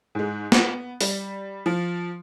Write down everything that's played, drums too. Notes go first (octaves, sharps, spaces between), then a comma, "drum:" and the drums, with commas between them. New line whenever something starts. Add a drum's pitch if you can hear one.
G#2 G#3
B3, drum: snare
G3, drum: open hi-hat
F3